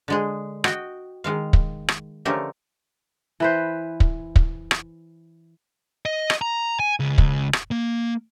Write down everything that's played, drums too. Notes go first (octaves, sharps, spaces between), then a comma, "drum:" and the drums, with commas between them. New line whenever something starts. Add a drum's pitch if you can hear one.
D3 G#3 G#4
F#4 D#5 G5, drum: rim click
D#3 G#3 F5
drum: kick
drum: rim click
D3 F3 A3 C#4 G4 A#4
E3 B4 C5
drum: kick
drum: kick
drum: rim click
D#5
drum: rim click
A#5
G#5
C#2
drum: kick
drum: rim click
A#3